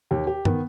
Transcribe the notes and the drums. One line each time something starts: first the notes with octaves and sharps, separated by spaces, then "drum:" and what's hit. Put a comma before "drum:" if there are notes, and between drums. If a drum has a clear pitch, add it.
D#2 G4
G4
D#3 B3, drum: tom